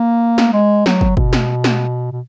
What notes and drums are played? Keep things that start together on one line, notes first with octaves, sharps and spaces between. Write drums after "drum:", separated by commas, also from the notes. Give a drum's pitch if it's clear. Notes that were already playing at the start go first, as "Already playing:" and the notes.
Already playing: A#3
drum: snare
G#3
F#3, drum: snare
drum: kick
B2, drum: kick
drum: snare
drum: snare
B2